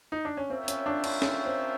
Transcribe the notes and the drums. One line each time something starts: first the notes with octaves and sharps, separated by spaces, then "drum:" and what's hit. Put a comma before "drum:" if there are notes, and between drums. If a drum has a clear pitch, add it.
D#4
D4
C#4
C4 F4 A#4 C#5 E5 G5
C#4, drum: hi-hat
D4
D4, drum: cymbal
C#4, drum: snare
C4